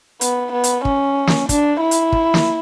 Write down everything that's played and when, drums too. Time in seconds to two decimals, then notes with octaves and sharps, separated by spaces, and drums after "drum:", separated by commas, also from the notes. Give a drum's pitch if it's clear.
0.21 B3, drum: hi-hat
0.53 B3
0.64 drum: hi-hat
0.85 C#4, drum: kick
1.27 drum: snare
1.49 D4, drum: kick, hi-hat
1.81 E4
1.91 drum: hi-hat
2.12 drum: kick
2.34 drum: snare